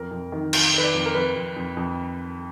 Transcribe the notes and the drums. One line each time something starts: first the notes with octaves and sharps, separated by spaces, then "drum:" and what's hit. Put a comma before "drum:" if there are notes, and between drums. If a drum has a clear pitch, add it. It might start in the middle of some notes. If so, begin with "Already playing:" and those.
Already playing: F2 A#4
F2
D#3
D#3, drum: cymbal
D#3 B4
D5
F2
A#4
F2 B4
F2
F2
F2